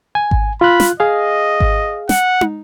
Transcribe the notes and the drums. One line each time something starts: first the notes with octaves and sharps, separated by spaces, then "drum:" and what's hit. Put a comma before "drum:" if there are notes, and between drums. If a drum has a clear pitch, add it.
G#5
drum: kick G#1
F4 B5 F#6
drum: snare
G#4 D#5 F5
drum: kick G#1
F#5, drum: snare
drum: tom